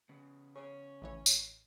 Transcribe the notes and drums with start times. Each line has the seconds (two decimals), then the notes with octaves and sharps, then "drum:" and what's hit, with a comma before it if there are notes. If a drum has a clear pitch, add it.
0.09 C#3 B3
0.56 C#4
1.02 A1 E3 C#5
1.26 drum: tambourine